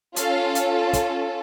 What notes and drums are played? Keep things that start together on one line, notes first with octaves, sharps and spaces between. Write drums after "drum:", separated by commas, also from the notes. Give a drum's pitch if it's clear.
C#4 F4 A4 F5, drum: hi-hat
drum: hi-hat
drum: kick, hi-hat